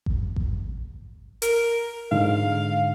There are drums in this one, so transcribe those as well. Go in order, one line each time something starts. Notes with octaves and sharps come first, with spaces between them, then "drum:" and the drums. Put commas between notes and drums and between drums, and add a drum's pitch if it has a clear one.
drum: kick G#1
drum: kick G#1
A#4, drum: hi-hat
G#2 D3 D#4 F5